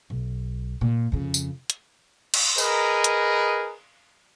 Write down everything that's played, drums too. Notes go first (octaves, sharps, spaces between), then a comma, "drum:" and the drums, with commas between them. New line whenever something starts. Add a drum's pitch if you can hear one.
B1
A#2
F2 C#3
drum: tambourine
drum: hi-hat
drum: cymbal
G#4 A#4 B4 D#5, drum: tambourine
drum: hi-hat